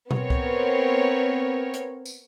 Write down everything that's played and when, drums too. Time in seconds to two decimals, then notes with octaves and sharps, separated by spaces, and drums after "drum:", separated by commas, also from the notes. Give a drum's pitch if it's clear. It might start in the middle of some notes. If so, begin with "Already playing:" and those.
0.11 B3 C4 A#4 C#5, drum: tom B2
0.30 drum: kick C2
1.74 drum: hi-hat
2.06 drum: tambourine